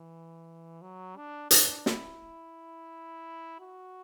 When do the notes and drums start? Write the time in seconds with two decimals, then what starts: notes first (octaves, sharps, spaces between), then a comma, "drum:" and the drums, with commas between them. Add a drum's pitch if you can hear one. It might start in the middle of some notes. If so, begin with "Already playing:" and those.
Already playing: E3
0.82 F#3
1.17 D4
1.51 D4, drum: hi-hat
1.86 E4, drum: snare
3.61 F#4